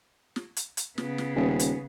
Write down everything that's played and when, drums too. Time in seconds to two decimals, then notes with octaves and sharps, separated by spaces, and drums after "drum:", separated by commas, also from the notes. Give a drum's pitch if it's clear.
0.36 drum: snare
0.56 drum: hi-hat
0.77 drum: hi-hat
0.98 C#3 B3, drum: snare
1.18 drum: snare
1.35 D#1
1.59 drum: hi-hat